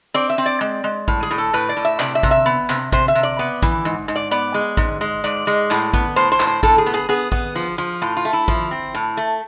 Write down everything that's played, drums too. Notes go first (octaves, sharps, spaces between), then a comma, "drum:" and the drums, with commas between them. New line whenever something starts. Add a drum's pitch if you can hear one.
C4 D5
E5
C4
D5
G#3
G#3
A2, drum: kick A1
G#4
A2
A4
A2 B4
D5
A2
E5
C3 D5, drum: clap
E5
C3, drum: kick A1
E5
B3
C3, drum: clap
C3 C5, drum: kick A1
E5
C3
D5
B3
E3, drum: kick A1
G#2
G#2
D5
B3 D5
G#3
G#2, drum: kick A1
G#3
G#2 D5
G#3
A2, drum: clap
B3, drum: kick A1
A2 C5
C5
A2, drum: clap
C5
A2 A4, drum: kick A1
G#4
B3
G#4
B3 G#4
B3, drum: kick A1
F3
F3
A2 F4
F4
A3
E4
F3, drum: kick A1
C4
A2
A3